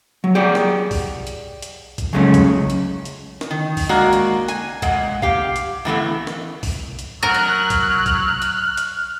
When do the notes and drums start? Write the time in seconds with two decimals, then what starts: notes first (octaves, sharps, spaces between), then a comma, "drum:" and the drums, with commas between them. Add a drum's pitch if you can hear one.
0.24 F#3
0.35 G4 G#4 D5 F#5
0.55 drum: snare
0.91 drum: kick B1, open hi-hat
1.27 drum: hi-hat
1.62 drum: hi-hat
1.98 drum: kick B1, hi-hat
2.13 C#3 F#3 G#3 A3 C#4
2.34 drum: kick B1, hi-hat
2.70 drum: hi-hat
3.05 drum: hi-hat
3.41 drum: snare
3.51 D#3
3.77 drum: kick B1, open hi-hat
3.89 G#3 A#3 F#4 D5
4.13 drum: hi-hat
4.48 G#5, drum: hi-hat
4.82 A#2 G#3 F#5, drum: kick B1, hi-hat
5.22 G4 F5, drum: kick B1
5.56 drum: hi-hat
5.85 A2 E3 A3 B3
6.27 drum: snare
6.63 drum: kick B1, open hi-hat
6.99 drum: hi-hat
7.23 F#3 A#4 F#5 A#5 F6 F#6
7.34 drum: hi-hat
7.70 drum: kick B1, hi-hat
8.06 drum: kick B1, hi-hat
8.42 drum: hi-hat
8.77 drum: hi-hat